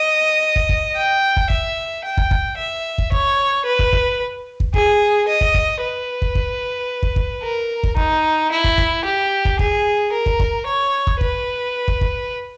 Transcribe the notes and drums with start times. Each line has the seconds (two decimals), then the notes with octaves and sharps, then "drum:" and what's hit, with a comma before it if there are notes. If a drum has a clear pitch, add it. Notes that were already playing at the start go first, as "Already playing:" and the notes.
Already playing: D#5
0.56 drum: kick
0.69 drum: kick
0.96 G5
1.37 drum: kick
1.50 E5, drum: kick
2.05 G5
2.17 drum: kick
2.31 drum: kick
2.57 E5
2.98 drum: kick
3.12 C#5, drum: kick
3.65 B4
3.79 drum: kick
3.93 drum: kick
4.60 drum: kick
4.74 G#4, drum: kick
5.28 D#5
5.41 drum: kick
5.54 drum: kick
5.81 B4
6.22 drum: kick
6.35 drum: kick
7.03 drum: kick
7.16 drum: kick
7.43 A#4
7.83 drum: kick
7.96 D#4, drum: kick
8.51 E4
8.64 drum: kick
8.78 drum: kick
9.05 G4
9.45 drum: kick
9.59 G#4, drum: kick
10.13 A#4
10.26 drum: kick
10.40 drum: kick
10.67 C#5
11.07 drum: kick
11.21 B4, drum: kick
11.88 drum: kick
12.01 drum: kick